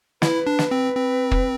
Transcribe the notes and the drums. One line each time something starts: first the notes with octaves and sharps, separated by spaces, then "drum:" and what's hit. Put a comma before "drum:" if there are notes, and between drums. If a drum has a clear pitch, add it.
E4 B4, drum: snare
D4
drum: snare
C4
C4
drum: kick